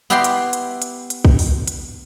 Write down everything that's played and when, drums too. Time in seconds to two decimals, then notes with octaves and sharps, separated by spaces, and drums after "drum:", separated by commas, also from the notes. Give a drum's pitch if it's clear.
0.10 B3 E4 G4 D#5 G5 C6
0.24 drum: hi-hat
0.53 drum: hi-hat
0.82 drum: hi-hat
1.10 drum: hi-hat
1.25 drum: kick
1.39 drum: open hi-hat
1.68 drum: hi-hat